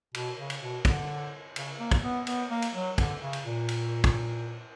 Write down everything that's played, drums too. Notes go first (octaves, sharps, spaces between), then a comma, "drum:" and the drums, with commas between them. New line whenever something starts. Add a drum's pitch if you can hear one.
B2, drum: cymbal
C#3
drum: cymbal
B2
D3, drum: kick, cymbal
C#3, drum: cymbal
A#3
drum: kick, cymbal
B3
B3, drum: cymbal
A#3
drum: cymbal
F#3
D3, drum: kick, cymbal
C#3
drum: cymbal
A#2
drum: cymbal
drum: kick, cymbal